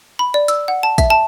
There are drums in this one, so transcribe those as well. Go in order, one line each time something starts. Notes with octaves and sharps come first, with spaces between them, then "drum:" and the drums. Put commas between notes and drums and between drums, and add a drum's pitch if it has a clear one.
B5
D5
E6, drum: hi-hat
F#5
A5
E5, drum: kick, hi-hat
A5